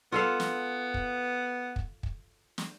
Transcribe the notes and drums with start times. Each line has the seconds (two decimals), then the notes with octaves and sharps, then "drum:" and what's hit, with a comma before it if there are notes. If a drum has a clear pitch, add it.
0.12 B3 F4 A4 F5
0.40 drum: snare
0.94 drum: kick
1.76 drum: kick
2.03 drum: kick
2.58 drum: snare